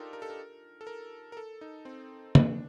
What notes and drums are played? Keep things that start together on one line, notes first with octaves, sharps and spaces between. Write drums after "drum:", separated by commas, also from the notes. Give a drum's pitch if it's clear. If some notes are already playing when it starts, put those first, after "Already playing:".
Already playing: D4 D#4 F4 G4 A4 A#4
A#4
A4
A#4
A4
A#4
A#4
A4
D#4
C4
D4, drum: tom